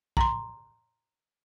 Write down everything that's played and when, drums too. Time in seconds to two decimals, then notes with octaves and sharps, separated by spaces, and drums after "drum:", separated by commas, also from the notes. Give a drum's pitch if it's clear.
0.17 A#5 C6, drum: kick A#1